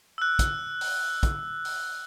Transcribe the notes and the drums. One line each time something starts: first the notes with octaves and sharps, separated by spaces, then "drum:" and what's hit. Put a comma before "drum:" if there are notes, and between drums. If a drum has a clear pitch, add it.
E6 F#6
drum: kick, hi-hat
drum: open hi-hat
drum: kick, hi-hat
drum: open hi-hat